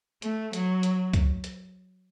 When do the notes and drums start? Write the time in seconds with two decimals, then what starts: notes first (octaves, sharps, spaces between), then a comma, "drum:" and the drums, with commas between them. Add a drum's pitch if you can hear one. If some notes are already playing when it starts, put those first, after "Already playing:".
0.22 A3, drum: hi-hat
0.53 F#3, drum: hi-hat
0.83 drum: hi-hat
1.13 drum: kick C2, hi-hat
1.44 drum: hi-hat